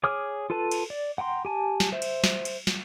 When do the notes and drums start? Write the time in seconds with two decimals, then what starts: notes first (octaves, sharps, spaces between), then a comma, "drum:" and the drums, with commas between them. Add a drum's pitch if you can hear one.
0.04 G#4 C#5 D6 D#6 F6
0.50 F4 A4 B4 A5
0.71 drum: cymbal
0.90 D5
1.18 F#5 G5 A#5 C6
1.45 G4 G#5 A5
1.80 drum: snare
1.92 C5 E5
2.02 drum: cymbal
2.24 drum: snare
2.45 drum: cymbal
2.67 drum: snare